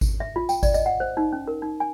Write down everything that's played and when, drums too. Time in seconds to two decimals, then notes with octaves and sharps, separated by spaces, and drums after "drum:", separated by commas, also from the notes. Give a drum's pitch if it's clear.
0.01 drum: kick G#1, tambourine
0.20 E5
0.36 F4
0.49 G5, drum: tambourine
0.63 D5, drum: kick G#1, tambourine
0.74 D#5, drum: tambourine
0.86 F#5
1.00 C5
1.17 D#4
1.32 C#4
1.47 A#4
1.62 D#4
1.80 G#5